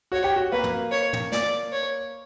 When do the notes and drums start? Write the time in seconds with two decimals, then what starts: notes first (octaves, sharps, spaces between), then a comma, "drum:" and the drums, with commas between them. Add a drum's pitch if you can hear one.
0.12 F#4 C#5
0.24 G4
0.36 F#4
0.52 A#3 B4
0.64 drum: tom
0.92 C#5
1.13 drum: tom
1.32 D5, drum: snare
1.72 C#5